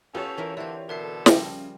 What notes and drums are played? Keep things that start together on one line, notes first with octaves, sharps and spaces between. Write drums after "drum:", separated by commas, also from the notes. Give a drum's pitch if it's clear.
B3 C#4 F4 G4 A4 C#5
E3 E4 A#4
D3 C4 E4 D5
B2 D3 A4 A#4 E5 C7
C#3 F3 G3 G5 A#6, drum: snare